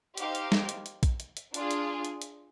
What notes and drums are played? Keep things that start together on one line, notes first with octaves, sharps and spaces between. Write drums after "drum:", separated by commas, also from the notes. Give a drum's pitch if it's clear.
D#4 G4 C5 F5, drum: hi-hat
drum: hi-hat
drum: snare
drum: hi-hat
drum: hi-hat
drum: kick A#1, hi-hat
drum: hi-hat
drum: hi-hat
D4 F4 G#4, drum: hi-hat
drum: hi-hat
drum: hi-hat
drum: hi-hat